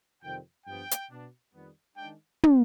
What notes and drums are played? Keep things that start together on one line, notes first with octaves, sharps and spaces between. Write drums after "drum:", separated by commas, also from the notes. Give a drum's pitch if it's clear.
F2 C3 D#3 G3 C4 G5
G2 F3 B3 G5
drum: hi-hat
B2 B3 D4
F2 D#3 G3 B3
D#3 G#3 D4 G5
drum: tom